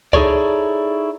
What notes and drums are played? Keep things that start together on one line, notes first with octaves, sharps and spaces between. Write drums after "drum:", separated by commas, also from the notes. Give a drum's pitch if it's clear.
D#4 E4 G#4 A4 C#5 D5, drum: kick C#2